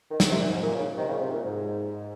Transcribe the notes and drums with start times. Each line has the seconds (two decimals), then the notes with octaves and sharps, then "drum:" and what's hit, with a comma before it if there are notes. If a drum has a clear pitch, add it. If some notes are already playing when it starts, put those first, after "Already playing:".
0.11 D#3
0.20 C#3, drum: snare
0.30 C3
0.40 A#2
0.50 G#2
0.62 A#2
0.74 A#2 C#3
0.98 C3 D#3
1.09 A#2 C#3
1.21 G#2 C3
1.34 A#2
1.46 G#2